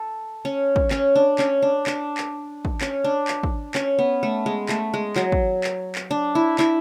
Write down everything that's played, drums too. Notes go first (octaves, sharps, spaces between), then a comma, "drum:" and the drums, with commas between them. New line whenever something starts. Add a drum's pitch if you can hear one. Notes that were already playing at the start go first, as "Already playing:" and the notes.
Already playing: A4
C#4
drum: kick
C#4, drum: clap
D4
C#4, drum: clap
D4
D4, drum: clap
drum: clap
drum: kick
C#4, drum: clap
D4
drum: clap
drum: kick
C#4, drum: clap
B3
A3
G#3
A3, drum: clap
G#3
F#3, drum: clap
drum: kick
drum: clap
drum: clap
D4
E4
E4, drum: clap